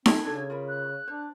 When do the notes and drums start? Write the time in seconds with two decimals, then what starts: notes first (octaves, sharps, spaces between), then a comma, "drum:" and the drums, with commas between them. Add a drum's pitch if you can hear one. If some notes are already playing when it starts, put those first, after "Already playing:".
0.06 C4 F4 A4 A5 G#6, drum: snare D#4
0.25 C#3 D4 F#4 A4
0.50 F4 A#4 B5
0.68 F#6
1.08 D4 C5